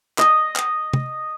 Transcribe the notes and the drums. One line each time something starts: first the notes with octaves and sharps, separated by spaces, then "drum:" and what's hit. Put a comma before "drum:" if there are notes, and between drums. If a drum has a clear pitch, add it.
D#5, drum: clap
drum: clap
drum: tom